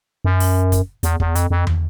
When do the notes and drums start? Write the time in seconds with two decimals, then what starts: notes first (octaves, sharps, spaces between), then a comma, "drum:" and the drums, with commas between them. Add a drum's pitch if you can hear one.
0.25 F#2
0.40 drum: open hi-hat
0.72 drum: kick, hi-hat
1.03 E2, drum: hi-hat
1.20 E2, drum: kick
1.35 F2, drum: hi-hat
1.50 F2
1.67 drum: tom